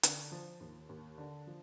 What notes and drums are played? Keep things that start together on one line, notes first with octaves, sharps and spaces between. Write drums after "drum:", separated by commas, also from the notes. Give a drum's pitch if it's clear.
D3, drum: hi-hat
F3
D#2
D#2
D3
F3